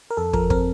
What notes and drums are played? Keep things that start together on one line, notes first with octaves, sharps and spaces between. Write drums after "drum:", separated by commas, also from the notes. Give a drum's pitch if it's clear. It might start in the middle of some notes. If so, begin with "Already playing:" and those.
A#4
F2 A4
F3 A#4, drum: kick
C4 A#4, drum: kick